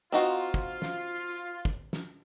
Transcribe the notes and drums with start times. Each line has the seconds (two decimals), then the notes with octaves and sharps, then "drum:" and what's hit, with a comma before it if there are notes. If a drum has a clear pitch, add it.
0.12 C4 D#4 F4 F#4
0.54 drum: kick
0.82 drum: snare
1.65 drum: kick
1.93 drum: snare